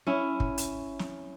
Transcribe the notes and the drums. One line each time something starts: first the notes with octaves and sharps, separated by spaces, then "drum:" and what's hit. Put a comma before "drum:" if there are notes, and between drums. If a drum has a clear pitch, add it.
C#4 E4
drum: kick
drum: hi-hat
drum: snare